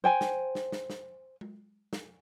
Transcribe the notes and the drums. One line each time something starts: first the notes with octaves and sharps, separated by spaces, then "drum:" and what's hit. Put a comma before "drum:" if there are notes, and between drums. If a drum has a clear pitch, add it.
C5 G5 G#5
drum: snare
drum: snare
drum: snare
drum: snare
drum: tom G#3
drum: snare